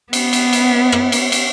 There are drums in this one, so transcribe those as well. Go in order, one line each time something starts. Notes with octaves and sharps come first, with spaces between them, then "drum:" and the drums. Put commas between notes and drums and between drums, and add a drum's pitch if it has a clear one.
B3, drum: cymbal
drum: cymbal
drum: cymbal
drum: rim click
drum: cymbal
drum: cymbal